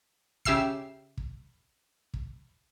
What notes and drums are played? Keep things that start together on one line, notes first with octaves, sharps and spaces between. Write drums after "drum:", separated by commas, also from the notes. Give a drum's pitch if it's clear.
C#3 G4 E5 E6 C7, drum: kick
drum: kick
drum: kick